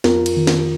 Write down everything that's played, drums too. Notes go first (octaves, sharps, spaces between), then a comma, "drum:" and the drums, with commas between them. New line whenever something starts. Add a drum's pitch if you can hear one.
F2 F4 A#4, drum: snare
drum: cymbal
D#3
drum: snare